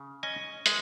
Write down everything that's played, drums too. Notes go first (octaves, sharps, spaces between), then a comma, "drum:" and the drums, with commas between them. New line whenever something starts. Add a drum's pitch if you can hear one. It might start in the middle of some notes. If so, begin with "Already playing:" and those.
Already playing: C#3
C#4 D#5 G#5
G#3, drum: hi-hat